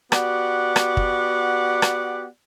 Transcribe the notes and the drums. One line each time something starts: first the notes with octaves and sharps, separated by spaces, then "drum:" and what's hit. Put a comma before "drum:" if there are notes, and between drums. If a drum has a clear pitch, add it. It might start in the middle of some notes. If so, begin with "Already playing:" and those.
B3 F#4 G4 D5 F#5, drum: rim click
drum: rim click
drum: kick
drum: rim click